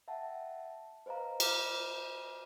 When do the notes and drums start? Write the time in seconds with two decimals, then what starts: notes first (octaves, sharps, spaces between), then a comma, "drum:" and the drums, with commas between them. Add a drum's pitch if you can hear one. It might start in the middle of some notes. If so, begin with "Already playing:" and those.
0.08 E5 F#5 G5 A5
1.06 B4 C5 D#5 F5 A#5
1.40 C5 D6 F6 G6, drum: cymbal